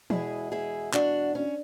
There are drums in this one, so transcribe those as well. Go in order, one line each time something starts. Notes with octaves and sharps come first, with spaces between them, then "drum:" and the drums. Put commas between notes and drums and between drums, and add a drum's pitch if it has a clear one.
E2 B2 G#3 E4 G#4, drum: tom E3
E4 G#4
D4 F#4, drum: clap
C#4